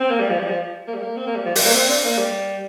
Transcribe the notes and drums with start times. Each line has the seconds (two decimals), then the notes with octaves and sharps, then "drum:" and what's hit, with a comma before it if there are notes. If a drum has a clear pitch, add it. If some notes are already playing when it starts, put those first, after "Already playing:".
0.01 C4
0.10 A#3
0.20 G3
0.29 F3
0.39 G3
0.49 F3
0.88 A#3
0.95 G3
1.02 A#3
1.17 C4
1.27 A#3
1.36 G3
1.46 F3
1.55 G3, drum: open hi-hat
1.65 A#3
1.74 C4
1.89 D4
2.04 A#3
2.18 G3